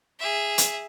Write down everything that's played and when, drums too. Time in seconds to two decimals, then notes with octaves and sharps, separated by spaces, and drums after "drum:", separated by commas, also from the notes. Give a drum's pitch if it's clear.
0.20 G#4 E5
0.58 drum: hi-hat